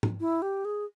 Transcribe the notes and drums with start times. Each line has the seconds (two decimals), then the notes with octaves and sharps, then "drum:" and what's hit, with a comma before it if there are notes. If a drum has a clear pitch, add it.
0.03 drum: tom G#2
0.20 E4
0.42 G4
0.65 G#4